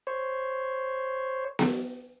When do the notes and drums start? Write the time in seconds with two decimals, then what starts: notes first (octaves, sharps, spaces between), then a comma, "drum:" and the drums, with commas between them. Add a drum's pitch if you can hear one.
0.07 C5 C#5
1.59 drum: snare B3